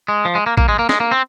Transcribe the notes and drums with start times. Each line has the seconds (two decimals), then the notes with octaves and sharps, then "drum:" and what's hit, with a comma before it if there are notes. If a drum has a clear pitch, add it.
0.09 G#3
0.25 F3
0.35 G#3
0.46 A#3
0.58 A#3, drum: kick
0.69 G#3
0.79 A#3
0.89 G#3, drum: snare
1.00 A#3
1.11 C4